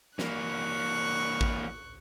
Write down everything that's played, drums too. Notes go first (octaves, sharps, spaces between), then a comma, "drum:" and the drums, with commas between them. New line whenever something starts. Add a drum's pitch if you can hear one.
E3 A#3 C#6 F#6, drum: snare
drum: kick